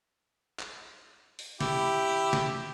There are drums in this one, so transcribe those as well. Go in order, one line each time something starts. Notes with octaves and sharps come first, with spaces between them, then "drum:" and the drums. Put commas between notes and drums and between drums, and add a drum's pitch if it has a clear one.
drum: clap
drum: open hi-hat
E4 G4, drum: snare
drum: snare